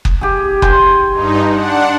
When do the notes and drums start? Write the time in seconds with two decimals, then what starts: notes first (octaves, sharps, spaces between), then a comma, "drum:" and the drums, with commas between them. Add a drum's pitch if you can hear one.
0.05 drum: kick F#1
0.21 G4 G#4
0.62 G5 G#5 C6, drum: kick F#1
1.12 G2 D#4
1.50 D4 F#5